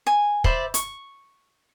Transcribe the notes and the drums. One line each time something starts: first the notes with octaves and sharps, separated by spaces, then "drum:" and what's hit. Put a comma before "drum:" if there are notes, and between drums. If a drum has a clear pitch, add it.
G#5
C5 D5 E5 B5, drum: kick
C#6, drum: hi-hat